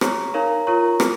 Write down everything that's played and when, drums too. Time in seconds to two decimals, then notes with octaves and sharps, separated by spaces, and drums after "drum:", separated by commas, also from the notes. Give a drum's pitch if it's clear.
0.01 G#4 C#5 A#5 C#6, drum: rim click
0.34 D#4 A#4 C#5 F5 A#5
0.67 F4 A#4 C#5 A#5 C#6
1.00 G#4, drum: rim click